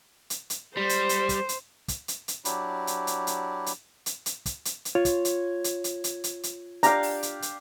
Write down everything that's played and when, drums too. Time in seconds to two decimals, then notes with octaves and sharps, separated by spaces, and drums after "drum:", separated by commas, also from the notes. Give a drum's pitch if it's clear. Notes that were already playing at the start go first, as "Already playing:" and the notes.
0.30 drum: hi-hat
0.50 drum: hi-hat
0.77 G3 C5
0.89 drum: hi-hat
1.09 drum: hi-hat
1.29 drum: kick, hi-hat
1.49 drum: hi-hat
1.88 drum: kick, hi-hat
2.08 drum: hi-hat
2.28 drum: hi-hat
2.45 F#3 D4 E4 G4, drum: hi-hat
2.87 drum: hi-hat
3.07 drum: hi-hat
3.27 drum: hi-hat
3.66 drum: hi-hat
4.06 drum: hi-hat
4.26 drum: hi-hat
4.46 drum: kick, hi-hat
4.65 drum: hi-hat
4.85 drum: hi-hat
4.95 F4 C#5
5.05 drum: kick, hi-hat
5.25 drum: hi-hat
5.64 drum: hi-hat
5.84 drum: hi-hat
6.04 drum: hi-hat
6.24 drum: hi-hat
6.43 drum: hi-hat
6.83 D4 G4 F5 A#5, drum: hi-hat
7.03 drum: open hi-hat
7.23 drum: hi-hat
7.42 drum: hi-hat